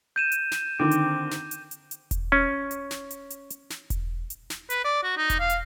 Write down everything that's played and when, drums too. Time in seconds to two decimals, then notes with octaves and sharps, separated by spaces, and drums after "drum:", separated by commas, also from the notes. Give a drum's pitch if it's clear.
0.16 G6 D#7 E7
0.32 drum: hi-hat
0.52 drum: snare
0.80 D3 D#3 C4 G4
0.91 drum: hi-hat
1.31 drum: snare
1.51 drum: hi-hat
1.71 drum: hi-hat
1.91 drum: hi-hat
2.11 drum: kick E1, hi-hat
2.32 C#4
2.71 drum: hi-hat
2.91 drum: snare
3.11 drum: hi-hat
3.30 drum: hi-hat
3.50 drum: hi-hat
3.70 drum: snare
3.90 drum: kick E1, hi-hat
4.30 drum: hi-hat
4.50 drum: snare
4.70 B4, drum: hi-hat
4.84 D5
5.03 F#4
5.17 D#4
5.30 drum: kick E1, hi-hat
5.40 F5
5.50 drum: hi-hat